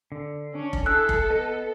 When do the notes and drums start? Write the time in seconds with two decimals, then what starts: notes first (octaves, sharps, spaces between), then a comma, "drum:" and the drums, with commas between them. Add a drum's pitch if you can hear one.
0.12 D3
0.55 C#4 D4
0.73 drum: kick F1
0.86 E4 G#4 A4 E6 F#6
1.09 drum: kick F1
1.30 B3 B4 D#5